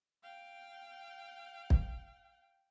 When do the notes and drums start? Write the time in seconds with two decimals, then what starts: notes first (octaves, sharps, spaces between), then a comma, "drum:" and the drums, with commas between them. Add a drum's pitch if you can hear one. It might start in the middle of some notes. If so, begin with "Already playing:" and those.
0.23 F5 G5
1.70 drum: kick